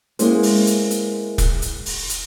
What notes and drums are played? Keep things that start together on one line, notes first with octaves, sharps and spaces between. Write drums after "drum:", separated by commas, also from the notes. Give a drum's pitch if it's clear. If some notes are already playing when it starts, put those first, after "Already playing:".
G#3 A#3 B3 C#4 E4 C5, drum: hi-hat
drum: open hi-hat
drum: hi-hat
drum: hi-hat
drum: kick, hi-hat
drum: hi-hat
drum: open hi-hat
drum: hi-hat